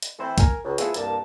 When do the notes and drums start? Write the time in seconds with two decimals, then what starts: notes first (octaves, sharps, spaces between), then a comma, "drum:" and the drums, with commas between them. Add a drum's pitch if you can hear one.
0.02 drum: hi-hat
0.18 E3 A3 C4 E4 C5
0.38 A#4 G#5, drum: kick C2, hi-hat
0.64 C#2
0.78 F3 A3 B3 E4 F4 G#4, drum: hi-hat
0.94 C2 G2 A#3 A5, drum: hi-hat